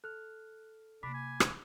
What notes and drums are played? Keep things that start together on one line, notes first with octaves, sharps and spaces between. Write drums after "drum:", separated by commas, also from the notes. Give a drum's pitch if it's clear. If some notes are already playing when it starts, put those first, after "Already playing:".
A4 F6 F#6
C3 A#3 D4 B5 D6 B6
G#5
drum: rim click